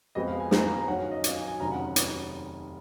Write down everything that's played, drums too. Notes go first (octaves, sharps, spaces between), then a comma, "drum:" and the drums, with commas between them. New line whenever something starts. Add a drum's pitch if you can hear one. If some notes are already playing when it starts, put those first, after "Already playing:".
F2 F3 G#3 B3 D#5
F5
G#5
A#5, drum: snare
A#5
A#5
F#2 D#3 F#3 C#4 F#5
F5
D#5
F5, drum: hi-hat
G#5
G#5
F1 D#2 D#3 F#3 C#4 A#5
F#5
drum: hi-hat